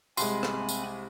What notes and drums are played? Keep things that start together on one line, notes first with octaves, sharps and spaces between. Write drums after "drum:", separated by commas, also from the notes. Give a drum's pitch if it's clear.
C2 G#3 C4 G#5 B5 C6, drum: tambourine
drum: rim click
drum: tambourine